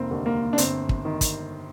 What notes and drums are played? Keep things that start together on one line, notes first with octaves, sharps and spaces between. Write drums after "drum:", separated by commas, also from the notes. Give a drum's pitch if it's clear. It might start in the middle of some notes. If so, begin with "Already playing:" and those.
Already playing: F1 A#3 C4
D#2 D3
A#3
D4
G1 C4, drum: hi-hat
drum: kick
D#3
drum: kick, hi-hat